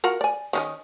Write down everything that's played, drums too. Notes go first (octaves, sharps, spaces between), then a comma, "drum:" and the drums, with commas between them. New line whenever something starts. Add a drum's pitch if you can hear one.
F4 F#4 A#4
D5 G#5
D#3 C#4 D#5, drum: tambourine